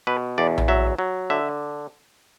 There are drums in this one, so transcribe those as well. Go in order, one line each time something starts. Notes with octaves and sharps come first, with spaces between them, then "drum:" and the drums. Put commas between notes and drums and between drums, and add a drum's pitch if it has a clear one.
B2 B4
E2 D5
drum: tom A#1
F#3 E5
F#3
D3 E5